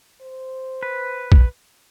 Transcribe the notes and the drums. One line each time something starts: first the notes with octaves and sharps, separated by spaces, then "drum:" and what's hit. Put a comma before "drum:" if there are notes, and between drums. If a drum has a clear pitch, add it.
C5
B4
drum: kick